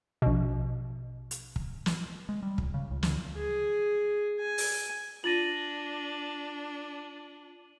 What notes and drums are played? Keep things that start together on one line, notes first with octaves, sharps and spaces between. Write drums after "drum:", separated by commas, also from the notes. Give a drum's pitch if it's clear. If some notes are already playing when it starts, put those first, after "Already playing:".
A#1 B2
drum: hi-hat
drum: kick
drum: snare
G#3
G3
C#2, drum: kick
C#3
C#2
D2, drum: snare
G#4
G#5
drum: open hi-hat
D4 F4 A6 A#6 D#7 F#7